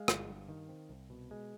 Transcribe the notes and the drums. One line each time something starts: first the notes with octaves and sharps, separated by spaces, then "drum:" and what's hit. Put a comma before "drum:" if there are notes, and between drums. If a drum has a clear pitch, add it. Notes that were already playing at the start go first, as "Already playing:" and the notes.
Already playing: G#3 F5
G1, drum: rim click
G2
D#3
C4
C2
B2
G#3